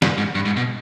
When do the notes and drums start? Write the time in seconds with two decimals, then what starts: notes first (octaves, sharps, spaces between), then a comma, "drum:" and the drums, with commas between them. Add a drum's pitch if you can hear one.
0.02 G2, drum: snare
0.18 G#2
0.35 G2
0.46 G#2
0.57 B2